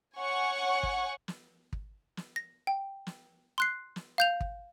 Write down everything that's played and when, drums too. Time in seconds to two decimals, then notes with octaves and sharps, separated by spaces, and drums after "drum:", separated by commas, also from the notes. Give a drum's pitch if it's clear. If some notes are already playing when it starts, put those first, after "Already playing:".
0.17 C#5 F#5 G#5 C#6
0.83 drum: kick
1.28 drum: snare
1.73 drum: kick
2.17 drum: snare
2.36 A#6
2.67 G5
3.07 drum: snare
3.58 C6 F#6 C7
3.96 drum: snare
4.18 F5 G6 F7
4.41 drum: kick